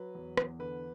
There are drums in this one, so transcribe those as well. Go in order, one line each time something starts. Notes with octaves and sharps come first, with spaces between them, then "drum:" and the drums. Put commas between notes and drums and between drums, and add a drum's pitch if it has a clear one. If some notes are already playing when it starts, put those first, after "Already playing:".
Already playing: F#3 B4
E2
E2, drum: rim click
D3 B4